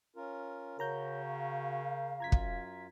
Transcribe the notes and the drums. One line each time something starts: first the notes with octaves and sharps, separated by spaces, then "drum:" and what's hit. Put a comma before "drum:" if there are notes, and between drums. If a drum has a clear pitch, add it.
C#4 F4 A#4
C#3 F#4 A#4 C#5 A#5 G6
F5
F#2 F4 A#5 G#6 B6
drum: kick